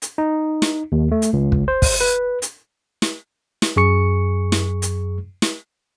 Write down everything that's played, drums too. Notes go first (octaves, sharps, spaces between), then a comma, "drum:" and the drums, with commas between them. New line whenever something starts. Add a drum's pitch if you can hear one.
drum: hi-hat
D#4
drum: snare
D#2
A3
drum: hi-hat
C#2
drum: kick
C5
drum: kick, open hi-hat
B4
drum: hi-hat
drum: snare
drum: snare
F#2 G#4 C#6 C#7
drum: snare
drum: hi-hat
drum: snare